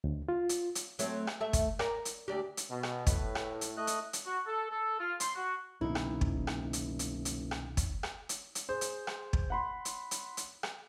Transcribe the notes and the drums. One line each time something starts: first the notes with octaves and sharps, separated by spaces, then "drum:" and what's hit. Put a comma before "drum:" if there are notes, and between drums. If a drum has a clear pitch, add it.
D2
F4
drum: hi-hat
drum: hi-hat
F#3 A3 C4, drum: hi-hat
drum: rim click
A3 E5
drum: kick, hi-hat
A#4 D5, drum: rim click
drum: hi-hat
D2 D4 G4
drum: hi-hat
B2
drum: rim click
A2 B4, drum: kick, hi-hat
drum: rim click
drum: hi-hat
A3 D#5 F#6
drum: hi-hat
drum: hi-hat
F#4
A4
A4
F4
C6, drum: hi-hat
F#4
F#1 C2 B2 D#3 D#4 E4
drum: rim click
drum: kick
drum: rim click
drum: hi-hat
drum: hi-hat
drum: hi-hat
drum: rim click
drum: kick, hi-hat
drum: rim click
drum: hi-hat
drum: hi-hat
G#4 C5
drum: hi-hat
drum: rim click
drum: kick
F#5 B5 C6
drum: hi-hat
drum: hi-hat
drum: hi-hat
drum: rim click